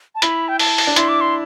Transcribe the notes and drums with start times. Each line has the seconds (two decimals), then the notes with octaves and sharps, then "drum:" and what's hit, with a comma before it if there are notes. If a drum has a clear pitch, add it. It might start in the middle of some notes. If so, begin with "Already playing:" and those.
0.15 A5
0.22 E4 B5, drum: hi-hat
0.48 G5
0.59 A5, drum: open hi-hat
0.78 drum: open hi-hat
0.87 D4
0.96 E4 C6, drum: hi-hat
1.09 D6
1.21 C6